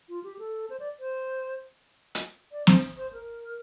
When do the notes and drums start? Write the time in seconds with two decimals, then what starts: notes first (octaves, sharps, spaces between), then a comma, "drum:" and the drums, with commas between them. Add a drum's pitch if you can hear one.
0.09 F4
0.24 G4
0.39 A4
0.70 C5
0.80 D5
1.00 C5
2.15 drum: hi-hat
2.52 D5
2.67 C5, drum: snare
2.97 C5
3.13 A#4